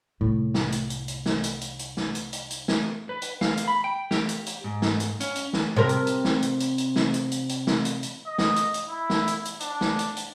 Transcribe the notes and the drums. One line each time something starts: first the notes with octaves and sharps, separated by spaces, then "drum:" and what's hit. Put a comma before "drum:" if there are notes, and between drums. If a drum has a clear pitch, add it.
C2 A2
drum: snare
drum: hi-hat
drum: hi-hat
drum: hi-hat
drum: snare
drum: hi-hat
drum: hi-hat
drum: hi-hat
drum: snare
drum: hi-hat
drum: hi-hat
drum: hi-hat
drum: snare
B4
drum: hi-hat
F5, drum: snare
drum: hi-hat
B5
G5
G4, drum: snare
drum: hi-hat
drum: hi-hat
G#2
drum: snare
drum: hi-hat
C#4, drum: hi-hat
drum: hi-hat
drum: snare
C3 A#4
drum: hi-hat
drum: hi-hat
drum: snare
drum: hi-hat
drum: hi-hat
drum: hi-hat
drum: snare
drum: hi-hat
drum: hi-hat
drum: hi-hat
drum: snare
drum: hi-hat
drum: hi-hat
D#5
drum: snare
drum: hi-hat
drum: hi-hat
E4
drum: snare
drum: hi-hat
drum: hi-hat
D4, drum: hi-hat
drum: snare
drum: hi-hat
drum: hi-hat